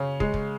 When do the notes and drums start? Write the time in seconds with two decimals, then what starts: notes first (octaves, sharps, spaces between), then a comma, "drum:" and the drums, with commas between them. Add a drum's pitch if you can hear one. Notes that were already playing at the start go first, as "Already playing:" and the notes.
Already playing: C#3 C#4
0.20 G#3, drum: kick
0.34 drum: kick